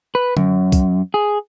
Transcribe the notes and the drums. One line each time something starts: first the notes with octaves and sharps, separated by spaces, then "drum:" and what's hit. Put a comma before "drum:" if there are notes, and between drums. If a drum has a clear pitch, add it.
B4
F#2, drum: tom D3
drum: kick, tambourine
G#4